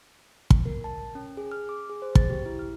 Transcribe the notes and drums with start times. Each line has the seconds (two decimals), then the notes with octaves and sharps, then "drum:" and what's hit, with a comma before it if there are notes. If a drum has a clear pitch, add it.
0.50 drum: kick
0.65 A#4
0.84 A5
1.15 C#4
1.37 G#4
1.51 F6
1.69 D6
1.89 G#4
2.02 C5
2.15 A6, drum: kick
2.30 G4
2.46 E4
2.59 F6